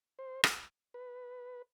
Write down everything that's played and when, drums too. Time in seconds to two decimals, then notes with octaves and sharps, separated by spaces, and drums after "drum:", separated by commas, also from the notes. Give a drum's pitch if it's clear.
0.19 C5
0.44 drum: rim click
0.94 B4